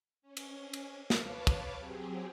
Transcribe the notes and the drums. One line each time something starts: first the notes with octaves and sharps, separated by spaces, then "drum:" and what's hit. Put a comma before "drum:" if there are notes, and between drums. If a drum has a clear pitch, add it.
C#4
drum: cymbal
drum: cymbal
B4 C#5 F5 A5 D6, drum: snare
drum: kick, cymbal
F#3 C4 G4 G#4